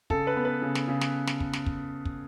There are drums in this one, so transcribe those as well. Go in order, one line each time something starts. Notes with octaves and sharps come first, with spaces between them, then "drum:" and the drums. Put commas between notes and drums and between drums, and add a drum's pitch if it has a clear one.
C#3 A4, drum: kick
B4
B3
B4
C#3
drum: snare
C#3
drum: snare
drum: snare
drum: kick
drum: snare
drum: kick
drum: kick